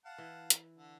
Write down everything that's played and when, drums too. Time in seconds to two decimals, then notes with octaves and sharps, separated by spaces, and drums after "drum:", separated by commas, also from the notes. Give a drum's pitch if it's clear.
0.05 F5 F#5 A5
0.18 E3
0.50 drum: hi-hat
0.78 D3